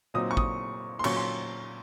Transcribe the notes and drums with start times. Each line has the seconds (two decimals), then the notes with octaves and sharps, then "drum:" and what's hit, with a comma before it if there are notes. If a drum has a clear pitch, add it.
0.14 A#2 F#3 C4 D#4 D#6
0.31 C#6
0.37 D#6, drum: kick
0.99 C6
1.04 A#2 F#3 C#4 C#6, drum: cymbal
1.16 C6